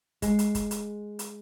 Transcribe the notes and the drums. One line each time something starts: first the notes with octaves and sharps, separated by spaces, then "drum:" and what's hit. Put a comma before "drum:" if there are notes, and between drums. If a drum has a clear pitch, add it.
G#3, drum: kick, hi-hat
drum: hi-hat
drum: kick, hi-hat
drum: hi-hat
drum: hi-hat